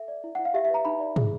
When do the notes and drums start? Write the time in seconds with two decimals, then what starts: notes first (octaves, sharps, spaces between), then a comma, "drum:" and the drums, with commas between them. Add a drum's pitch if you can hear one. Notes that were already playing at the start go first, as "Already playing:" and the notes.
Already playing: A4 E5
0.08 D5
0.24 E4
0.35 E4 F#5
0.45 F5
0.54 G4 E5
0.65 E5
0.70 B4 A#5
0.85 D#4 B5
1.00 D5
1.16 G#4, drum: tom